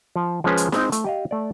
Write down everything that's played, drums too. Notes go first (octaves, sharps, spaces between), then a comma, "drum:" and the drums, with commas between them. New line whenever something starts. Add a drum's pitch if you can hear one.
F3
F3 G#3 C#4 G#4 B4
drum: hi-hat
G#3 C4 D#4, drum: snare
A3, drum: hi-hat
G4 D#5 F5
A3 D5